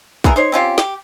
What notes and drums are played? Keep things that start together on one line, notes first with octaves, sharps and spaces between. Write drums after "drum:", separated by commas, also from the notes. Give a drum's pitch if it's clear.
B3 E4 G#4 A#4, drum: kick
D#4 C5 C#5
C4 C#4 F4 G4
G4, drum: snare